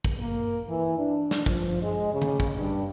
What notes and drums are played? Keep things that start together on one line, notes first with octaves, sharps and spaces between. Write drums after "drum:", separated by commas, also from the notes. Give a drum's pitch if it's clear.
drum: kick
A#3
E3
D4
drum: snare
F3, drum: kick
G#3
C#3
drum: tom D3
drum: kick
G2